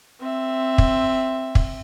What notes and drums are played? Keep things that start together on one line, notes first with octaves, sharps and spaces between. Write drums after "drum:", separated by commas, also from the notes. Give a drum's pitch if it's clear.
C4 E5
drum: kick
drum: kick